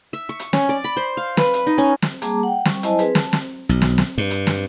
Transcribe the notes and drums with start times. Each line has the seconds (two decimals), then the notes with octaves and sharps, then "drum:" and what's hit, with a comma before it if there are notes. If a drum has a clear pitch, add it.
0.13 E5
0.29 C#6
0.40 drum: hi-hat
0.53 C#4, drum: snare
0.69 D5
0.84 B5
0.97 C5
1.17 F5
1.37 B4, drum: snare
1.54 drum: hi-hat
1.67 D#4
1.78 C#4
2.02 drum: snare
2.22 G3 A#3 G#4 A5 A#5 D6, drum: hi-hat
2.43 F#5 G5
2.65 G3 C#6, drum: snare
2.83 F#3 E4 C5 D#5 G#5 A5, drum: hi-hat
2.99 C4 G#4 B4, drum: hi-hat
3.15 A5, drum: snare
3.33 drum: snare
3.69 B1
3.82 drum: snare
3.98 drum: snare
4.18 G2
4.31 drum: hi-hat
4.47 drum: snare